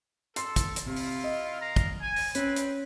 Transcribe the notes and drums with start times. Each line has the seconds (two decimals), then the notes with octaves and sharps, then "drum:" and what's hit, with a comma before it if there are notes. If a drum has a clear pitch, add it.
0.36 A4 C6 C7, drum: hi-hat
0.56 drum: kick, hi-hat
0.76 drum: hi-hat
0.86 C3 E4 F4
0.96 drum: open hi-hat
1.24 D#5
1.60 A#4 F5 A#5
1.76 drum: kick, hi-hat
2.00 G#5
2.16 drum: open hi-hat
2.35 C4 C#4 B4, drum: hi-hat
2.56 drum: hi-hat